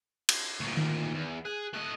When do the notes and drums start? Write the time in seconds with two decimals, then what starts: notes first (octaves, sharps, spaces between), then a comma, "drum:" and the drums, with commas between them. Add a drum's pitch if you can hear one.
0.29 drum: cymbal
0.60 D2 A#2 C#6
0.77 D#3
1.14 E2
1.45 G#4 F#6
1.74 A3 D#5 F#6